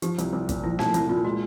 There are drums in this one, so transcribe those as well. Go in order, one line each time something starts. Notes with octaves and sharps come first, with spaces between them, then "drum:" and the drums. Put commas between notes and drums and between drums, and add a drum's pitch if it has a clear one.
F3 G4, drum: hi-hat
C2, drum: hi-hat
C2
A#2, drum: kick, hi-hat
F3 E4
C2 D#4, drum: snare
C2 E4, drum: hi-hat
A#2 F4
G#3 F#4